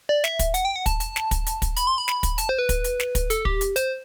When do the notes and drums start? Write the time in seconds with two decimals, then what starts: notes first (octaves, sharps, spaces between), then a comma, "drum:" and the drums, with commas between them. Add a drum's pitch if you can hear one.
0.09 D5
0.24 E5, drum: snare
0.39 drum: kick, hi-hat
0.54 F#5, drum: hi-hat
0.65 G5
0.76 F#5
0.86 A5, drum: kick, hi-hat
1.00 A5, drum: hi-hat
1.16 drum: snare
1.31 drum: kick, hi-hat
1.46 drum: hi-hat
1.62 drum: kick, hi-hat
1.76 B5, drum: hi-hat
1.87 C6
1.98 B5
2.08 drum: snare
2.23 drum: kick, hi-hat
2.38 A5, drum: hi-hat
2.49 C5
2.59 B4
2.69 drum: kick, hi-hat
2.84 drum: hi-hat
3.00 drum: snare
3.15 drum: kick, hi-hat
3.30 A4, drum: hi-hat
3.45 G4, drum: kick
3.61 drum: hi-hat
3.76 C5, drum: hi-hat